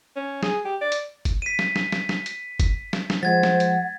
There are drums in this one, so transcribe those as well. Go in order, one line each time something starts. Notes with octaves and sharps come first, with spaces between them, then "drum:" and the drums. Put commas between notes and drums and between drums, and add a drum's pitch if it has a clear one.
C#4
G#4, drum: snare
G4
D5
drum: hi-hat
drum: kick, hi-hat
B6 D#7
drum: snare
drum: snare
drum: snare
drum: snare
drum: hi-hat
drum: kick, hi-hat
drum: snare
drum: snare
F3 G#3 C5 F#5 G#6 A6
drum: snare
drum: hi-hat